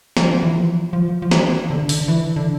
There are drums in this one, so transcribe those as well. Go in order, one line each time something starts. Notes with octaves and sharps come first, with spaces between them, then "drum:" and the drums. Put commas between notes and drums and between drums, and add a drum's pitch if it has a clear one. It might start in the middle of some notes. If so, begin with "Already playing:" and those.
F3, drum: snare
E3
F3
F3
F3
E3, drum: snare
D3
D3, drum: open hi-hat
E3
D3